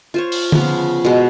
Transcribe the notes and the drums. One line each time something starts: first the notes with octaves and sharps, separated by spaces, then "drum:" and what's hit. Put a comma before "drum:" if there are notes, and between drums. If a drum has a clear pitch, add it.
F4 C5 C#5
drum: open hi-hat
C#3 F3 B3 F5, drum: tom D3
B2 G#3